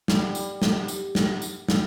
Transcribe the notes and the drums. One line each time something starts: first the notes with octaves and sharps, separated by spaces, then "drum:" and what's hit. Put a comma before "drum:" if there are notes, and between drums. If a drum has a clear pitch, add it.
G3, drum: snare
drum: tambourine
drum: snare
drum: tambourine
drum: snare
drum: tambourine
drum: snare